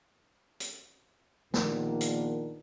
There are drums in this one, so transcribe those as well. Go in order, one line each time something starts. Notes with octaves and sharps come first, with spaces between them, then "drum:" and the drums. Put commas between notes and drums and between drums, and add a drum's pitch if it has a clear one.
drum: hi-hat
A#1 A#2 D#3 B3 D4 A#4, drum: snare
drum: hi-hat